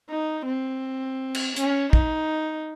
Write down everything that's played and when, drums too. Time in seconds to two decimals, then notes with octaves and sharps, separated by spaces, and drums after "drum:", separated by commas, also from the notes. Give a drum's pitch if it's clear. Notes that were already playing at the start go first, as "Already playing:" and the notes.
0.10 D#4
0.46 C4
1.35 drum: cymbal
1.56 C#4, drum: hi-hat
1.93 D#4, drum: kick